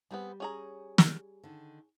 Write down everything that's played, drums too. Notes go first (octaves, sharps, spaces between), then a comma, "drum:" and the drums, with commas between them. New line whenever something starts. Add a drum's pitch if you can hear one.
G3 B3 C4 G4 G#4
C#4 G#4 A#5
drum: snare
D3 D#3